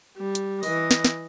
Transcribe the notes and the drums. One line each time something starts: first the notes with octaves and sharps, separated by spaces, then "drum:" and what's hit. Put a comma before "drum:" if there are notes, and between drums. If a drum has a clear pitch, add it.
G3
drum: hi-hat
E3 D#5, drum: open hi-hat
drum: snare
drum: snare